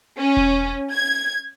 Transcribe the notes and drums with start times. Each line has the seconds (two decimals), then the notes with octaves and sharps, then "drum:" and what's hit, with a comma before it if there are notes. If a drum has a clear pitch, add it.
0.19 C#4
0.37 drum: kick E1
0.92 G#6